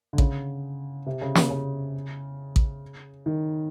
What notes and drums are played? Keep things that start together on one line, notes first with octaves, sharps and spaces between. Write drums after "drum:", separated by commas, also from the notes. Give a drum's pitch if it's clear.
D3
C#3, drum: kick A1
C3
C#3
C#3, drum: snare
C#3
drum: kick A1
D#3